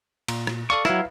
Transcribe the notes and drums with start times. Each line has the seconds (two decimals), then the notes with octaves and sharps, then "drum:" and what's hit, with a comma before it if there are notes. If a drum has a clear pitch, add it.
0.28 A#2, drum: cymbal
0.47 drum: rim click
0.70 A4 D5 F5 C#6
0.85 F#3 E4 B4 E5 F5, drum: rim click